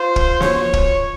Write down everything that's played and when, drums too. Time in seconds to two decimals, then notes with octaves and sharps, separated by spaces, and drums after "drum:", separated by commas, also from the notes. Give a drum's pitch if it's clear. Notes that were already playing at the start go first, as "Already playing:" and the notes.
Already playing: F4 C5
0.16 drum: kick
0.40 C#5, drum: snare
0.74 drum: kick